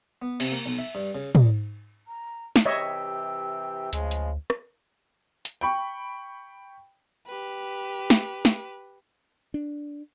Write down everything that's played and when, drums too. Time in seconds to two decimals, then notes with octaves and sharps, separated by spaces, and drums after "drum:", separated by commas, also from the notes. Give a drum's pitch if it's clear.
0.22 B3
0.40 C3, drum: cymbal
0.52 A#3
0.66 B1
0.78 E5
0.95 G2
1.15 C#3
1.35 D2, drum: tom
2.07 A#5
2.56 drum: snare
2.65 C3 E3 G4 C#5 D#5 E5 E6
3.93 D2 C#3 F3 G#3, drum: hi-hat
4.11 drum: hi-hat
4.50 drum: rim click
5.45 drum: hi-hat
5.61 G5 B5 C#6
7.27 G4 B4
8.10 drum: snare
8.45 drum: snare
9.54 D4